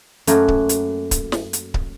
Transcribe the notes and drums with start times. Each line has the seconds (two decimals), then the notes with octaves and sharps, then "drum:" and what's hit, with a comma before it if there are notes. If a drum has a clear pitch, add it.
0.27 F#2 A3 A#3 C#4 F#4, drum: hi-hat
0.48 drum: kick C#1
0.69 drum: hi-hat
1.11 drum: kick C#1, hi-hat
1.32 drum: snare
1.53 drum: hi-hat
1.74 drum: kick C#1